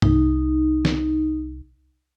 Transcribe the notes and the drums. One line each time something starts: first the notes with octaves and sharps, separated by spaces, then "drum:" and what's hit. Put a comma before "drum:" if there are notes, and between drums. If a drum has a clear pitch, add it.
C2 D#4, drum: tom
drum: snare